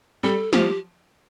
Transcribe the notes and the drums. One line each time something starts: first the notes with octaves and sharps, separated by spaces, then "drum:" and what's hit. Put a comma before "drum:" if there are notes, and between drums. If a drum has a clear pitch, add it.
G3 A4
F3 G4, drum: snare